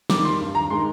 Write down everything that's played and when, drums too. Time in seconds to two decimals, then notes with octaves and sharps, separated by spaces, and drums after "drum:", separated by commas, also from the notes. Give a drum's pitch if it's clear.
0.10 D#3 G3 D6, drum: snare
0.25 C6
0.40 G2
0.55 A#5
0.70 D#3 G#3 C6